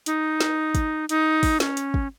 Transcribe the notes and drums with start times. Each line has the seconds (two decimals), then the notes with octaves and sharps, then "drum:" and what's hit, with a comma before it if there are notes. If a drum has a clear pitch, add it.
0.06 D#4, drum: hi-hat
0.40 drum: snare
0.75 drum: kick, hi-hat
1.09 D#4, drum: hi-hat
1.43 drum: kick, open hi-hat
1.60 C#4, drum: snare
1.77 drum: hi-hat
1.94 drum: kick